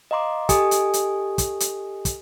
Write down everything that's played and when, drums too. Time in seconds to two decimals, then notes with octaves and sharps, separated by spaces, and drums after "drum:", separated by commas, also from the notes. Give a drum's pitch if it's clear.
0.11 D#5 F5 A#5 C6 D6
0.49 G4 A4 D#5 G#5 D#6, drum: kick, hi-hat
0.71 drum: hi-hat
0.93 drum: hi-hat
1.38 drum: kick, hi-hat
1.60 drum: hi-hat
2.05 drum: kick, hi-hat